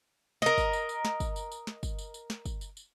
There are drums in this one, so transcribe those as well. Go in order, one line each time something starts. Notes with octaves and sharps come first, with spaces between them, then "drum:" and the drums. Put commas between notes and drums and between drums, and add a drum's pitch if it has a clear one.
A#4 D#5, drum: snare
drum: kick, tambourine
drum: tambourine
drum: tambourine
drum: snare
drum: kick, tambourine
drum: tambourine
drum: tambourine
drum: snare
drum: kick, tambourine
drum: tambourine
drum: tambourine
drum: snare
drum: kick, tambourine
drum: tambourine
drum: tambourine